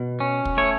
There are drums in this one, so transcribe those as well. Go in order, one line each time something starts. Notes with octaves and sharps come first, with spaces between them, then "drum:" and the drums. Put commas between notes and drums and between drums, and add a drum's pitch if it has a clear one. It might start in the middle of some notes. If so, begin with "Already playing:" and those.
Already playing: B2
C#4
drum: kick
A3 C#5